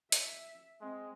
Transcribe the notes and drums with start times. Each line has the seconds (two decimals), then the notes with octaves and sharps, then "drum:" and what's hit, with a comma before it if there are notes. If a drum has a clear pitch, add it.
0.12 E5, drum: hi-hat
0.81 G#3 C4